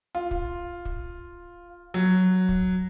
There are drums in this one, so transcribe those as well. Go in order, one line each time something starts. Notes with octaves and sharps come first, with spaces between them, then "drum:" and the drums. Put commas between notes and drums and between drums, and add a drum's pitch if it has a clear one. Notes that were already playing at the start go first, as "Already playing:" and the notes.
F4
drum: kick
drum: kick
F#3
drum: kick